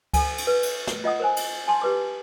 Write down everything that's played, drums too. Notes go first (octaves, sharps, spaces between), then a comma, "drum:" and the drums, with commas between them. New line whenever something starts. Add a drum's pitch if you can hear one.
A4 G#5, drum: kick C#2, cymbal
drum: cymbal
B4
drum: cymbal
drum: snare
F4 D#5 F#5 D#6
A#4 C5 G#5
drum: cymbal
G#5 A5 C6
G4 B4 D6